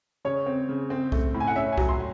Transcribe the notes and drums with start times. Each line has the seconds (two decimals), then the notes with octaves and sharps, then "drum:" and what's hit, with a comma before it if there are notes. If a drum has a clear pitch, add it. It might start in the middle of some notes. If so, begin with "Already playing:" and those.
0.25 C#3 C#5
0.46 C4
0.69 C#3
0.90 C4
1.12 A3, drum: kick
1.34 A2
1.40 G#5
1.47 F#5
1.56 C#4 E5
1.72 G#5
1.78 F#3, drum: kick
1.88 C6